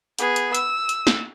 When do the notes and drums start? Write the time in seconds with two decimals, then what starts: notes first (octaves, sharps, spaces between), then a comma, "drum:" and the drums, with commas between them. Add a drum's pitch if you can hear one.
0.19 B3 G#4, drum: hi-hat
0.36 drum: hi-hat
0.55 E6, drum: hi-hat
0.89 drum: hi-hat
1.07 drum: snare